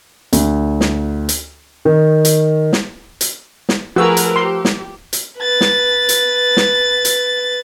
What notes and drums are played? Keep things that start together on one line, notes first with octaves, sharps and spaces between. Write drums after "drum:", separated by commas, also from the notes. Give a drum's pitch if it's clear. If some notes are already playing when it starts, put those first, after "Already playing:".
D2, drum: hi-hat
drum: snare
drum: hi-hat
D#3
drum: hi-hat
drum: snare
drum: hi-hat
drum: snare
F3 A3 F#4 G#4 A#4 B4 E6
drum: hi-hat
G4 C6
drum: snare
drum: hi-hat
B4 A6
drum: snare
drum: hi-hat
drum: snare
drum: hi-hat